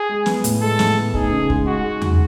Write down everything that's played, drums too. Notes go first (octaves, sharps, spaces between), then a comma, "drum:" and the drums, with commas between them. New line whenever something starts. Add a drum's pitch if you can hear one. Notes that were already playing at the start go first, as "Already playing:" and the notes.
Already playing: G#4
G#3
B3, drum: snare
A2, drum: hi-hat
G#3 A4
A2, drum: snare
B3
D#4 G#4, drum: kick
C#3
G#3, drum: kick
D#4 F#4
G#3
D#4, drum: tom E2